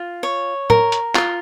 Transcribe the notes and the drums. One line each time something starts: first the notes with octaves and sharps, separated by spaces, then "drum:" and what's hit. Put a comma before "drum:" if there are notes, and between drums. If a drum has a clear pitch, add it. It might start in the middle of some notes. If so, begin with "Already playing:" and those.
Already playing: F4
C#5
A#4, drum: tom
drum: hi-hat
F4, drum: clap